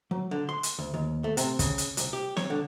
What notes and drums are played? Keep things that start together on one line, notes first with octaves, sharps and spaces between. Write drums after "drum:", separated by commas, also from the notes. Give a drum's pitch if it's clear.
F#3
D3
C6
drum: hi-hat
D2
D#2
A3
C3, drum: hi-hat
C#3, drum: kick, hi-hat
drum: hi-hat
C2, drum: hi-hat
G4
C#5, drum: snare
D3